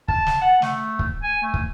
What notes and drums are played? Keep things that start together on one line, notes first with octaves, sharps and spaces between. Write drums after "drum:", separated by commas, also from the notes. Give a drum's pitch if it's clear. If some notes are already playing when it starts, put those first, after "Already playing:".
A5, drum: kick
drum: snare
F#5
A3, drum: snare
drum: kick
G#5
A3
drum: kick